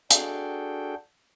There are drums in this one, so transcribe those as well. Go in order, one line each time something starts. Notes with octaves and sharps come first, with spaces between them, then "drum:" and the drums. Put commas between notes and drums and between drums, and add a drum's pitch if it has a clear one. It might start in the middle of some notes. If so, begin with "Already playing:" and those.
D4 F#4 G#4 A4 G5, drum: hi-hat